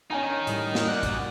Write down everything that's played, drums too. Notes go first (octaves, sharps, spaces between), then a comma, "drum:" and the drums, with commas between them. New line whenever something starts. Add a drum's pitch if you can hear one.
D#3 C#4 D#4 G#5 A#5
A2 G3 D#5, drum: hi-hat
drum: snare
F#2 D5 F#5
drum: kick A1, hi-hat